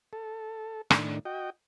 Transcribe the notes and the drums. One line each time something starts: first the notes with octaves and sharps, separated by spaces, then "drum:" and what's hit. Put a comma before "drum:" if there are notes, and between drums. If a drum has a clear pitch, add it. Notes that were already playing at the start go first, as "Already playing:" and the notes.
A4
A2 D#3 D4, drum: rim click
F#4 D#5 G5